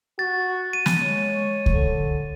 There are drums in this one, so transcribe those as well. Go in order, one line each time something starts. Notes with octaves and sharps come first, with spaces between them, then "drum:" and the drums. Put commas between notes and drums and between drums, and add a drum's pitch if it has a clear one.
F#4 A6
D#7
drum: snare
G#3 C#5
D3, drum: kick C#2